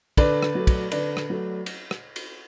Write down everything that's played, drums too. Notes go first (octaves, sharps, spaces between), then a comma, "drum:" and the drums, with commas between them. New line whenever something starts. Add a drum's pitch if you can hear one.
D3 B4 D5, drum: kick, cymbal
drum: rim click
F#3 A3
drum: kick, cymbal
D3 B4 D5, drum: cymbal
drum: rim click
F#3 A3
drum: cymbal
drum: rim click
drum: cymbal